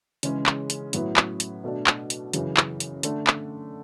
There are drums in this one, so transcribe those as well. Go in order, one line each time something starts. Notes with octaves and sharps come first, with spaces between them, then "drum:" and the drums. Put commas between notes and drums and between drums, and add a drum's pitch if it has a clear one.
C#3 E3 G#3 C#4, drum: hi-hat
drum: clap
drum: hi-hat
A2 F#3 B3 E4, drum: hi-hat
drum: clap
drum: hi-hat
B2 A3 D4
drum: clap
drum: hi-hat
F#2 C#3 E3, drum: hi-hat
drum: clap
drum: hi-hat
D3 A3 D4, drum: hi-hat
drum: clap